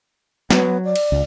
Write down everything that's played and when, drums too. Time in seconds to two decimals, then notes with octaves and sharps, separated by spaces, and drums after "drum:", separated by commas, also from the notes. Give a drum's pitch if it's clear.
0.50 F#3 B3, drum: snare
0.85 D5
0.96 drum: cymbal
1.12 C#2